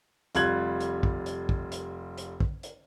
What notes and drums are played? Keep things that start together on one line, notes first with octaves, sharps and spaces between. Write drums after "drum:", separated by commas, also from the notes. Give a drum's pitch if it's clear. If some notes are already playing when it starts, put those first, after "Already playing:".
F1 G3 F4 F#6 G#6 F#7, drum: hi-hat
drum: hi-hat
drum: kick
drum: hi-hat
drum: kick
drum: hi-hat
drum: hi-hat
drum: kick
drum: hi-hat